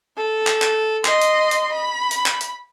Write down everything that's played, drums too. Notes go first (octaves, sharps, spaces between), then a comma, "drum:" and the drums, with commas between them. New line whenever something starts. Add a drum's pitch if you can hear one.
A4
drum: clap
drum: clap
D#5 C6, drum: clap
drum: hi-hat
drum: hi-hat
B5
drum: hi-hat
drum: clap
drum: hi-hat